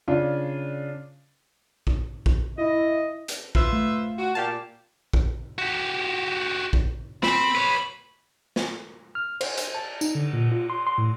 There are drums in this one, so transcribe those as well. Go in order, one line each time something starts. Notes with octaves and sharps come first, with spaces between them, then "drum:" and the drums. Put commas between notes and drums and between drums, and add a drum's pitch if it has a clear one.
C#3 D4 F4
drum: kick A#1
drum: kick A#1
E4 D#5
drum: hi-hat
F4 B4 C5 E5, drum: kick A#1
A3
F#4
A#2 G4 F5 A5
drum: kick A#1
F#4 G4
drum: kick A#1
C4 B5, drum: snare
B4 C#5
drum: snare
F6
C5, drum: cymbal
drum: hi-hat
A5
D#4, drum: tambourine
D3
A#2
F4
C6
C6
A2